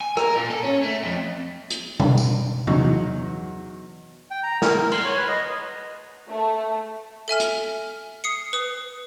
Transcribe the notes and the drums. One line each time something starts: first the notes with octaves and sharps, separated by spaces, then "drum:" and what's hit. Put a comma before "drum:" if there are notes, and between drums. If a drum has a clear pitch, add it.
G#5
A#4, drum: rim click
A#2
A4
C#4
A3
F2
drum: hi-hat
drum: tom B2
drum: tambourine
E2 F#3 D#4 F#4 C#6, drum: tom C3
G5
A#5
A#4, drum: snare
A#4
C6, drum: cymbal
C#5
B4
D#5
A3
A4 E5 G#5 F6
drum: hi-hat
D#6 C7 C#7
B4 D#6